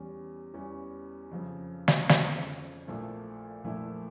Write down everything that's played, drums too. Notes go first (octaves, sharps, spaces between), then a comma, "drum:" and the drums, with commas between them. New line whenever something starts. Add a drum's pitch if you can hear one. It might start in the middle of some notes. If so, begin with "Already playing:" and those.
Already playing: E2 E3 G3 C#4
E2 E3 G3 C#4
F2 C#3 F3
drum: snare
F2 C#3 F3, drum: snare
A#1 A#2 F3 A3 E4
A#1 A#2 F3 A3 E4